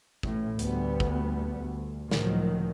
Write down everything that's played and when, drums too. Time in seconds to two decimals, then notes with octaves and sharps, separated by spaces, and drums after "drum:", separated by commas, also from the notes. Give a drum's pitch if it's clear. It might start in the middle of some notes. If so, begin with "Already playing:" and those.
0.23 A1 A2, drum: kick
0.59 D2 G3 B3, drum: hi-hat
1.00 drum: kick
1.57 D2
2.11 C#2 A2 D#3 F3 F#3, drum: snare